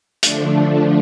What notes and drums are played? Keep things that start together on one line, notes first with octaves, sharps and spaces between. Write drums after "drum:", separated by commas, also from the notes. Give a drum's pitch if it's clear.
D3 F3 A3 D4, drum: hi-hat